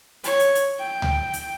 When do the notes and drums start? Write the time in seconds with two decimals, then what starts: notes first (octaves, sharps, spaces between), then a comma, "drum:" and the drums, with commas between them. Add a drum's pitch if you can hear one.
0.24 C#5, drum: hi-hat
0.40 drum: hi-hat
0.55 drum: hi-hat
0.79 G5
1.02 drum: tom C#2
1.33 drum: hi-hat